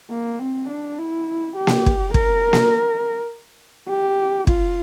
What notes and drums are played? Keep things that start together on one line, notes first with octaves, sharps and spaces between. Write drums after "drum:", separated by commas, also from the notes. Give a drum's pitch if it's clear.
A#3
C4
D4
E4
G4
drum: snare A#3
drum: kick
A#4, drum: kick
drum: snare A#3
G4
F4, drum: kick